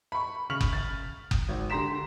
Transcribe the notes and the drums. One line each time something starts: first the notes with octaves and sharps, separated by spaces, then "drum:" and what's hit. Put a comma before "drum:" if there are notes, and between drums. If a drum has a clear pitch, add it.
B5 C#6
C#3 C#6 F6 B6 F7 F#7
drum: kick F#1
A6
drum: kick F#1
G#1
D3 G4 A#5 C6 B6 E7